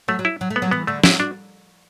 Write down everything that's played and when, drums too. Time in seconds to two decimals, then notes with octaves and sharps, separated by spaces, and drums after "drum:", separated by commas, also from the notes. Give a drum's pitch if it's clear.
0.08 F#3 A3
0.19 F#3
0.25 E4
0.41 F#3
0.50 A3
0.56 B3
0.62 F#3
0.71 E3 B3
0.87 D3 A3
1.04 F#3 E4, drum: snare
1.20 D4 F#4